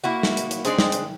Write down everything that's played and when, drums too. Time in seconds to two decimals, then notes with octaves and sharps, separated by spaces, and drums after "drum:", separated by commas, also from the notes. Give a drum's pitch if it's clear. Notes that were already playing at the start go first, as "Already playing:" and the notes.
0.04 A#3 E4 F#4
0.23 drum: snare
0.37 drum: hi-hat
0.51 drum: hi-hat
0.65 G#3 C4 D4 G#4, drum: hi-hat
0.78 drum: snare
0.92 drum: hi-hat